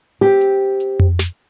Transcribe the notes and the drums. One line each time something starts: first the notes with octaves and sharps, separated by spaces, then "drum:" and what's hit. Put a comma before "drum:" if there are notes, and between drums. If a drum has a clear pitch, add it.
C4 G4
drum: hi-hat
drum: hi-hat
drum: tom F2
drum: snare